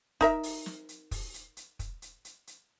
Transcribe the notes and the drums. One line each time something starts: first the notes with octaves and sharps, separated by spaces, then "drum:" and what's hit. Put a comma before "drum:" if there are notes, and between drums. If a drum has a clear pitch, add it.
D#4 A#4 E5, drum: kick, hi-hat
drum: open hi-hat
drum: snare
drum: hi-hat
drum: kick, open hi-hat
drum: hi-hat
drum: hi-hat
drum: kick, hi-hat
drum: hi-hat
drum: hi-hat
drum: hi-hat